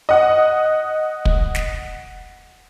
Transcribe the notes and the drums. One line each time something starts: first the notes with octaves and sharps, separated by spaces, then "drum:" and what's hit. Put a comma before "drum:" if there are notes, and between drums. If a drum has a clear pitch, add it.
D#5 F#5
drum: kick
drum: snare